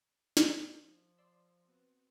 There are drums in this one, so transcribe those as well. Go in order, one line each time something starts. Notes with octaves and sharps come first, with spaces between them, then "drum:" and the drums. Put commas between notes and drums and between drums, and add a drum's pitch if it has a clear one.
drum: snare
F3
D5 C6 E6
B3 C4 F#4